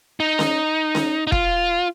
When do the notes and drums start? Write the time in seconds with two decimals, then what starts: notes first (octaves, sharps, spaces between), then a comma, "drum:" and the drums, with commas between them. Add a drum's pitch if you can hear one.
0.20 D#4
0.39 drum: snare C#4
0.95 drum: snare C#4
1.27 D#4
1.32 F4, drum: kick